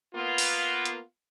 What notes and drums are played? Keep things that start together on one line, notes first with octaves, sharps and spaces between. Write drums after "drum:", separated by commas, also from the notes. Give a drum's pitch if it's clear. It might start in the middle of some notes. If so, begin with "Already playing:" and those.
A#3 B3 F4
drum: open hi-hat
drum: hi-hat